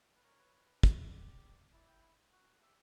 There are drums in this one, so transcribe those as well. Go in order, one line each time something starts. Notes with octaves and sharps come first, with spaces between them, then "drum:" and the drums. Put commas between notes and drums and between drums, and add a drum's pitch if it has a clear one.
B4
A#4 C#5
B4
B4
B4 C#5, drum: kick
D5
G4
E4 D5
G5
B5
F#4 F#5
G4 E5